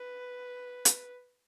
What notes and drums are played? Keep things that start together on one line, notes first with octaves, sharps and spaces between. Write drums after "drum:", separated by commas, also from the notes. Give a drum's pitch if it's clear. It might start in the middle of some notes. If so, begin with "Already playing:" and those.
Already playing: B4
drum: hi-hat